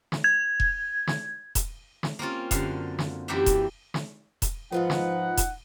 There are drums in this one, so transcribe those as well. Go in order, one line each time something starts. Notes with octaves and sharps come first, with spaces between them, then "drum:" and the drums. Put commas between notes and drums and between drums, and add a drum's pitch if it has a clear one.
drum: snare
G#6
drum: kick E1
drum: snare
drum: kick E1, hi-hat
drum: snare
A#3 C4 C#4 F4
F#2 D3 F5, drum: kick E1, hi-hat
drum: snare
F#2 E3 F#3 A#3 G4 E5
drum: kick E1, hi-hat
drum: snare
drum: kick E1, hi-hat
G#2 F3 D#4 F4 B4 F#5
drum: snare
drum: kick E1, hi-hat